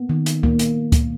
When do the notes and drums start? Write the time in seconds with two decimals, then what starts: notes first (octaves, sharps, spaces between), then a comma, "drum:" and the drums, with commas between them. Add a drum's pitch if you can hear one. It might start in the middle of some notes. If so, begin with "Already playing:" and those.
Already playing: A#3 B3
0.09 D#3
0.26 drum: hi-hat
0.43 A#3, drum: kick C#2
0.59 drum: hi-hat
0.92 drum: kick C#2, hi-hat